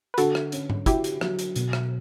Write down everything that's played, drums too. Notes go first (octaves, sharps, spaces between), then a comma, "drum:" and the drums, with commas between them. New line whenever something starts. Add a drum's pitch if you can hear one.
B4
D3 F#4 A4, drum: hi-hat
drum: rim click
C#4, drum: hi-hat
drum: tom G#2
E4 F#4 G4, drum: kick, hi-hat
drum: hi-hat
F#3, drum: rim click
drum: hi-hat
B2, drum: hi-hat
drum: rim click